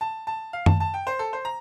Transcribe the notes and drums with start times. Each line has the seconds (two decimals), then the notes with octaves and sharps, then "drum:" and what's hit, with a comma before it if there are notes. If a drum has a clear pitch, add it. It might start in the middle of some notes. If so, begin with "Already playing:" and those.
0.01 A5
0.27 A5
0.53 F5
0.66 A5, drum: tom F#2
0.80 A5
0.94 G5
1.07 C5
1.19 A4
1.33 C5
1.45 A#5